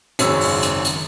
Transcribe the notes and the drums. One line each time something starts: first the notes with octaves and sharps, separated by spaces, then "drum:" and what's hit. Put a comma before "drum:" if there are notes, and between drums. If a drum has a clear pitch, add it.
G#1 F#2 C#3 C#4 E6, drum: hi-hat
drum: open hi-hat
drum: hi-hat
drum: hi-hat